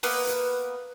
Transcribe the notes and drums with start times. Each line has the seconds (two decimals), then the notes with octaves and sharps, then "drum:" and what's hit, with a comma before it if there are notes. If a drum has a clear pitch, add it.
0.03 A#3 B3 B4, drum: open hi-hat
0.27 drum: hi-hat